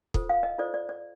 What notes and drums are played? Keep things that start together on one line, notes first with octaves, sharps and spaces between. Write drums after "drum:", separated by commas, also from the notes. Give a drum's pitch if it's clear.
F4 A4 C5, drum: kick
F5
D#5
F4 A4 C5 D5
D5
D5